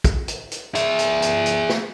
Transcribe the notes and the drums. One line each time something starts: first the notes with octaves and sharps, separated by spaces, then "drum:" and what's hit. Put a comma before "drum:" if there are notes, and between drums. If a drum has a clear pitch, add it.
drum: kick, hi-hat
drum: hi-hat
drum: hi-hat
G#4 E5, drum: hi-hat
drum: hi-hat
drum: hi-hat
drum: hi-hat
drum: snare